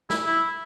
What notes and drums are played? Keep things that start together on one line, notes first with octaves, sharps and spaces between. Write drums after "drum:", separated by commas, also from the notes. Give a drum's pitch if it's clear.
E4, drum: snare
E4